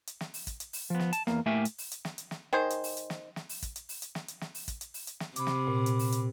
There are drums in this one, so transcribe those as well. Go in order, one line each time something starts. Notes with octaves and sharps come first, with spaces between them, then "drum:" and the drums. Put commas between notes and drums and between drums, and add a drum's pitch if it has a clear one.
drum: hi-hat
drum: snare
drum: open hi-hat
drum: kick, hi-hat
drum: hi-hat
drum: open hi-hat
F3 B3
drum: snare
A5, drum: hi-hat
E2 A#3, drum: snare
A2 A3 A#3 G4 E5 G#5
drum: hi-hat
drum: open hi-hat
drum: hi-hat
drum: snare
drum: hi-hat
drum: snare
D#3 G#4 C5
drum: hi-hat
drum: open hi-hat
drum: hi-hat
drum: snare
drum: snare
drum: open hi-hat
drum: kick, hi-hat
drum: hi-hat
drum: open hi-hat
drum: hi-hat
drum: snare
drum: hi-hat
drum: snare
drum: open hi-hat
drum: kick, hi-hat
drum: hi-hat
drum: open hi-hat
drum: hi-hat
drum: snare
C3 B5 D6, drum: hi-hat
drum: snare
A#2
drum: hi-hat
drum: open hi-hat
drum: hi-hat